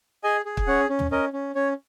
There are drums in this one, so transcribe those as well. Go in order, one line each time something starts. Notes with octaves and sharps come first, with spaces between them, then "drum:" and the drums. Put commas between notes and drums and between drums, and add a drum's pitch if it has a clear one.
G#4 D#5 G#5
G#4
drum: kick
C#4 C#5 F#5
C#4
drum: tom
C#4 A#4 D#5
C#4
C#4 C#5